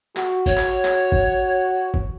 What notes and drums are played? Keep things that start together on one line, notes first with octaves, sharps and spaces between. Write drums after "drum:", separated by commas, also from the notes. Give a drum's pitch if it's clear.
F#4, drum: clap
C#5, drum: kick
drum: clap
drum: clap
drum: kick
drum: kick